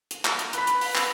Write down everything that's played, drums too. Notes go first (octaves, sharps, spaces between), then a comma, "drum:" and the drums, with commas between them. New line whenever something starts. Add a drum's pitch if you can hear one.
drum: hi-hat
drum: clap
drum: hi-hat
B4 B5, drum: hi-hat
drum: hi-hat
drum: open hi-hat
drum: clap